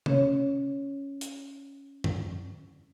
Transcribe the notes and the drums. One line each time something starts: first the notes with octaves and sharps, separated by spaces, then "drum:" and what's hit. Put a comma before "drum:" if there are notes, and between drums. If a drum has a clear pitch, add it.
C#4 C#5, drum: tom C3
drum: hi-hat
drum: tom F#2